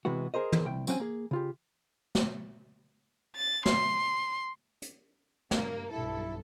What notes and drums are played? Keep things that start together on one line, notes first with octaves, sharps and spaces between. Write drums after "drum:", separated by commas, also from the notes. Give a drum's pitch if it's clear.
C3 E3 G#3 B3 F#4
G#4 A#4 C5 D#5
drum: tom
C2 G5
F#3 C4 C#4 F#5 G#5, drum: tambourine
A#3 G#4
C#3 F4 G4
drum: snare
A6
C6, drum: snare
drum: hi-hat
G2 A#3, drum: snare
B1 G2 E4 A4